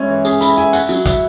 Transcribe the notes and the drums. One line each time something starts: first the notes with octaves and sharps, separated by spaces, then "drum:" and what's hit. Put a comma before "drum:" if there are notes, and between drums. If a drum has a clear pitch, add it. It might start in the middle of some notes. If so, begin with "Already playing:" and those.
Already playing: G#3 C#4 E4 C#5
E3
C#4 G#4, drum: tambourine
E4 B5, drum: tambourine
E4 G#5
E4 F#5, drum: tambourine
F#3, drum: tambourine
E4, drum: kick, tambourine